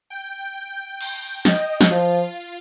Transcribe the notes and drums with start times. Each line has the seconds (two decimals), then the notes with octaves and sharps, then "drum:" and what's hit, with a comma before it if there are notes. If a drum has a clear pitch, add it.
0.10 G5
0.55 G5
1.01 G5, drum: cymbal
1.45 D#5, drum: snare
1.81 drum: snare
1.90 F3 F4